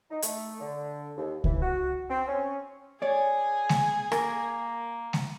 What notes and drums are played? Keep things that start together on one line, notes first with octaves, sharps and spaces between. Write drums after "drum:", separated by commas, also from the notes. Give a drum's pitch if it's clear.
D#4
A3, drum: hi-hat
D3
D#2
E3, drum: kick C#2
F#4
C4
C#4
G#4 C#5 D5 G#5
drum: snare G#3
A#3 A#4, drum: rim click
drum: snare G#3